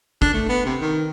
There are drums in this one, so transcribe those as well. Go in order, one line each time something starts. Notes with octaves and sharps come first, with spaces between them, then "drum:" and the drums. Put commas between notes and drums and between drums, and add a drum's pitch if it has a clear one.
D4, drum: kick
A3
B3
C3
D#3